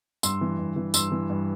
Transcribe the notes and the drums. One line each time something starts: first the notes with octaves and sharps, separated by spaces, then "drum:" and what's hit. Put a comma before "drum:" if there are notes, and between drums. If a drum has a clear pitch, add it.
G2 C6 E6, drum: tambourine
E3
G2
E3
G2 C6 E6, drum: tambourine
E3
G2